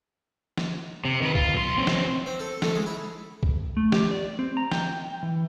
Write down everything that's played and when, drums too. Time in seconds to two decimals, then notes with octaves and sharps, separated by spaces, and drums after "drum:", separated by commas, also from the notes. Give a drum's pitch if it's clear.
0.57 drum: snare
1.05 C3
1.22 D#3 B4
1.35 F4, drum: kick C2
1.54 B1 C6
1.78 C4 C#4
1.87 drum: snare
2.26 C4
2.40 A4
2.62 A3, drum: snare
2.75 G#3
2.86 E4
3.43 drum: kick C2
3.77 A3
3.92 G4, drum: snare
4.11 D5
4.39 C4
4.57 A#5
4.72 G5, drum: snare
5.23 E3